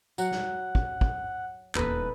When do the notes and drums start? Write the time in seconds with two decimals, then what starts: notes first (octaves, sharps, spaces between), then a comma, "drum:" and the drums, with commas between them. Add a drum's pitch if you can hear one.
0.18 F#3 F#5, drum: tambourine
0.31 drum: snare
0.75 drum: kick
1.01 drum: kick
1.75 D#1 E2 D#4 A4 B4 D#5, drum: clap